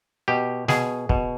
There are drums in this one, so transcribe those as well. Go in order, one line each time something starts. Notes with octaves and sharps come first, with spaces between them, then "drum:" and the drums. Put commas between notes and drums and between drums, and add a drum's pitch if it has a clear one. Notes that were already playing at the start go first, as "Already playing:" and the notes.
B2 G4
B2 G#4, drum: snare
B2, drum: kick